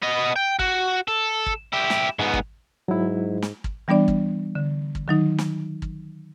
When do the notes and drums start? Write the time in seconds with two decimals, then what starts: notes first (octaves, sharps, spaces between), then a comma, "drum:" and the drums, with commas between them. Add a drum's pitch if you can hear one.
0.02 B3 D#5
0.36 G5
0.59 F#4, drum: kick
1.08 A4
1.46 drum: kick
1.73 E4 G4
1.90 drum: snare
2.19 G#2 B3
2.34 drum: kick
2.88 G#2 F#3 E4
3.42 drum: snare
3.64 drum: kick
3.88 E3 G3 B3 D4 D5
4.08 drum: kick
4.55 D3
4.95 drum: kick
5.08 D#3 F#3 D#4
5.38 drum: snare
5.82 drum: kick